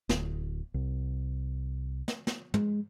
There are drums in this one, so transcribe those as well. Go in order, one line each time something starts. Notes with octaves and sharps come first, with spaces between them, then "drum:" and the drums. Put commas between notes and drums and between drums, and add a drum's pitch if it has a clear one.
D1, drum: snare
C2
drum: snare
drum: snare
G#3, drum: tom